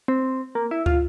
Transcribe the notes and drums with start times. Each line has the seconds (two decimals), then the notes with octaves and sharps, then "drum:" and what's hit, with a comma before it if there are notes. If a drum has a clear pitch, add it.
0.08 C4
0.55 A#3
0.71 E4
0.86 F4, drum: kick